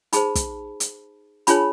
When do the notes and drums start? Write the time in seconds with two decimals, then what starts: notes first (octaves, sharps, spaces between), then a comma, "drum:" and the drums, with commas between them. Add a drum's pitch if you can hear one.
0.13 D#4 G#4 C5 A5 B5, drum: hi-hat
0.35 drum: kick, hi-hat
0.80 drum: hi-hat
1.47 D4 F4 G#4 C#5 A5 B5, drum: hi-hat